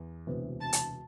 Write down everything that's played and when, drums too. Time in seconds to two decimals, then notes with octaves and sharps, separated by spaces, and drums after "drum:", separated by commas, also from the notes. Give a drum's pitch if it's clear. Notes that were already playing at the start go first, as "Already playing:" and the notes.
Already playing: E2
0.27 E1 D2 C3 E3 B3
0.61 A5
0.73 drum: hi-hat